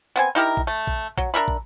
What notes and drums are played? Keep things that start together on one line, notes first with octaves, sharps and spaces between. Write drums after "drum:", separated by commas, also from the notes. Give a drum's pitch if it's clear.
B3 C4 G#5
D#4 E4 G4 A#4
drum: kick
A3
drum: kick
F#3, drum: kick
D4 A#4 E5 B5
drum: kick